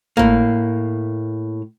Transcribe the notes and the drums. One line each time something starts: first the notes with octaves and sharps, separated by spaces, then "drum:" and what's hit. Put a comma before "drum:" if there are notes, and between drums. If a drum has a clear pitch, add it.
A2 A#3, drum: kick G#1